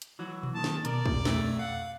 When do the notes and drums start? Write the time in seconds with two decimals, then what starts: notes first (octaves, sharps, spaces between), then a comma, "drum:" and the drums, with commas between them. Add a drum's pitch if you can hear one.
0.02 drum: hi-hat
0.19 E3 F#3 F#4
0.43 drum: tom B2
0.55 A#2 D#3 A5
0.64 drum: snare
0.85 B2 A#4 D5, drum: hi-hat
1.06 drum: kick
1.25 F2 A3 E6, drum: snare
1.59 F5 F#5